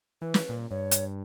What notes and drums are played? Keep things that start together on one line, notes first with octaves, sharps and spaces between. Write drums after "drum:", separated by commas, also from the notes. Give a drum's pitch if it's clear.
E3 B4
drum: snare
A#2
G2 C#5
drum: hi-hat